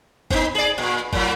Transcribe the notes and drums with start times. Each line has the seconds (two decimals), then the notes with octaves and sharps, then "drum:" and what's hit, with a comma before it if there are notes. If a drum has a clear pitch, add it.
0.30 B3 D#4, drum: kick G1
0.55 G#4 D5
0.78 A#2
1.13 A2 F#3, drum: kick G1